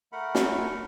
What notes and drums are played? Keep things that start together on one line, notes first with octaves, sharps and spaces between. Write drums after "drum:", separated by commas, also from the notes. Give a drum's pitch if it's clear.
A3 A#4 F#5 B5
drum: snare